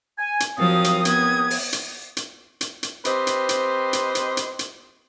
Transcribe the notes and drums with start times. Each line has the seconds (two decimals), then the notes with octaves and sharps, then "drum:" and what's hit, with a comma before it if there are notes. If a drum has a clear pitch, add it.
0.18 G#5
0.40 drum: hi-hat
0.58 D#2 F3 F#3 C4 F5 D#6
0.84 drum: hi-hat
1.05 B3 G#6, drum: hi-hat
1.50 drum: open hi-hat
1.73 drum: hi-hat
2.17 drum: hi-hat
2.61 drum: hi-hat
2.83 drum: hi-hat
3.05 C4 G4 B4 C5 D#5, drum: hi-hat
3.27 drum: hi-hat
3.49 drum: hi-hat
3.93 drum: hi-hat
4.15 drum: hi-hat
4.37 drum: hi-hat
4.59 drum: hi-hat